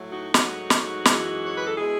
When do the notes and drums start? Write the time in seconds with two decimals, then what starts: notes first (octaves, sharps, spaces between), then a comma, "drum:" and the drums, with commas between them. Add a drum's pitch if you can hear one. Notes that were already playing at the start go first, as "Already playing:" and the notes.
Already playing: A2 F#3 A3
0.11 D#4 F#4
0.34 G#2 F#3 A3 D#4 F#4, drum: snare
0.70 drum: snare
1.05 F#2 E3 G#3, drum: snare
1.46 C#5
1.56 B4
1.66 A4
1.77 B2 G#3 E4 G#4